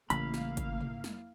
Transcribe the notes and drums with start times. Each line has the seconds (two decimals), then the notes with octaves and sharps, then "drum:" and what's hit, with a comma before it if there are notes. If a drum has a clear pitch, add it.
0.10 A1 C#3 A#3 E4 F5 B5, drum: hi-hat
0.34 drum: snare
0.57 drum: kick, hi-hat
0.81 drum: tom
1.04 drum: snare